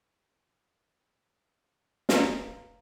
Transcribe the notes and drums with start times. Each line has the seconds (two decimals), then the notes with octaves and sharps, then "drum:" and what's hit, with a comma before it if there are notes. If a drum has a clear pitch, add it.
2.09 B4 F5 A#5, drum: snare